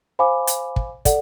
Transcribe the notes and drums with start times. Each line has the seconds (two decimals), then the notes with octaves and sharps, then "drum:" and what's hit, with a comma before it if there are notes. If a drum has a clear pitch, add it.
0.19 C5 F5 G#5 B5 D6
0.47 drum: hi-hat
0.76 drum: kick
1.05 A4 D5 F#5, drum: kick, hi-hat